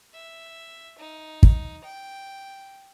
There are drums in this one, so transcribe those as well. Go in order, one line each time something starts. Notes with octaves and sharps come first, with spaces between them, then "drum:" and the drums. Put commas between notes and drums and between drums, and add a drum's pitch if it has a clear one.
E5
D#4
drum: kick
G5